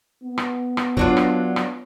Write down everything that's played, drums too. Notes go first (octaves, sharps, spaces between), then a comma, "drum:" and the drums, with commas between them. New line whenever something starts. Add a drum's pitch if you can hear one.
B3
drum: rim click
drum: rim click
F#3 D4 F4, drum: kick
drum: rim click
drum: rim click